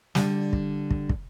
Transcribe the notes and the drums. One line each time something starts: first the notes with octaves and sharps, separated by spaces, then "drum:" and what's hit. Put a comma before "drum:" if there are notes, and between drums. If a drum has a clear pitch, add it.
D3 G3, drum: snare
drum: kick
drum: kick
drum: kick